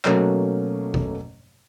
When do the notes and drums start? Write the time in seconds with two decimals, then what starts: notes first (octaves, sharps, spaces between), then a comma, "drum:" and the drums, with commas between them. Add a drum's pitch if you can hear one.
0.05 B2 F#3 A3 A#3 C#4, drum: clap
0.94 drum: kick